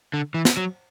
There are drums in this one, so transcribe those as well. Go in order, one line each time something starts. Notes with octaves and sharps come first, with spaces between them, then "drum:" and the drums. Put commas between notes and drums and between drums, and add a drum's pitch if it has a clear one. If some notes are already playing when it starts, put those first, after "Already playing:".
D3
E3
drum: snare
F#3